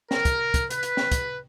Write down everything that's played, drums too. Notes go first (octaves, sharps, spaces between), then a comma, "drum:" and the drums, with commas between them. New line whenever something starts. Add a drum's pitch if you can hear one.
A#4, drum: snare
drum: kick, hi-hat
drum: kick, hi-hat
B4, drum: hi-hat
drum: hi-hat
drum: snare
drum: kick, hi-hat